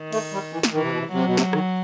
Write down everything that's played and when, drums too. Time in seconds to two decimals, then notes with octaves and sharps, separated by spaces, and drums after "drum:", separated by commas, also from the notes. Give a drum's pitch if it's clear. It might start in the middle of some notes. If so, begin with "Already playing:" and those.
Already playing: D#3
0.12 A3, drum: cymbal
0.33 G3
0.53 E3
0.63 drum: snare
0.73 D#3 E3
0.81 C3
0.90 B2
0.99 C3
1.13 C3 F#3
1.25 B2
1.37 C3, drum: snare
1.53 D#3, drum: rim click